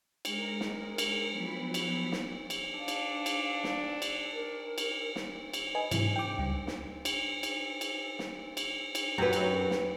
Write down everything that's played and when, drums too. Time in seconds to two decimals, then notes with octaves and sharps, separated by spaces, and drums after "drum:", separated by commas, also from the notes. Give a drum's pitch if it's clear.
0.25 G#3 A#4, drum: cymbal
0.60 drum: snare
0.98 drum: cymbal
1.32 F3 F#3 B3 B5
1.74 drum: cymbal
2.12 drum: snare
2.50 drum: cymbal
2.77 D4 F5
2.88 drum: cymbal
3.26 drum: cymbal
3.64 drum: snare
4.02 drum: cymbal
4.33 A#4
4.78 drum: cymbal
5.16 drum: snare
5.54 drum: cymbal
5.75 B4 D#5 G#5
5.91 G#2 C3 E3 F#3 C4 E4, drum: cymbal
6.16 G5 D6
6.38 C#2 G3
6.67 drum: snare
7.05 drum: cymbal
7.43 drum: cymbal
7.81 drum: cymbal
8.19 drum: snare
8.57 drum: cymbal
8.95 drum: cymbal
9.18 F#2 F#3 G4 B4
9.33 drum: cymbal
9.71 drum: snare